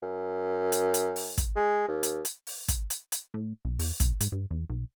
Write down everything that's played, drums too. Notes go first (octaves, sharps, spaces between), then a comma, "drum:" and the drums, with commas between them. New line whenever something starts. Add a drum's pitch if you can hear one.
F#2
drum: hi-hat
drum: hi-hat
drum: open hi-hat
drum: kick, hi-hat
G#3
D#2
drum: hi-hat
drum: hi-hat
drum: open hi-hat
drum: kick, hi-hat
drum: hi-hat
drum: hi-hat
A2
B1
E2, drum: open hi-hat
B1, drum: kick, hi-hat
G#2, drum: hi-hat
G2
E2
B1